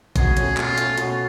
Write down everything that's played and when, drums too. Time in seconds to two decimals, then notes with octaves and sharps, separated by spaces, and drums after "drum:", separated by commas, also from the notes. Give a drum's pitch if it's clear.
0.16 B2 G#4, drum: kick, hi-hat
0.37 A3 C#4, drum: hi-hat
0.57 B2 F4, drum: clap
0.78 A3 C#4, drum: hi-hat
0.98 B2 F4, drum: hi-hat